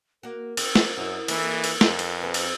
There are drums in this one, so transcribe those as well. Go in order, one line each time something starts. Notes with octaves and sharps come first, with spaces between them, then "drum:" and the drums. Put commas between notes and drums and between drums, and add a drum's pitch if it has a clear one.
A#3 F#4 A#4
C4, drum: cymbal
drum: snare
F#2 E4 F#4
E3 A#3 A4 B4, drum: cymbal
drum: cymbal
F2, drum: snare
drum: cymbal
C4 G#4 B4
drum: cymbal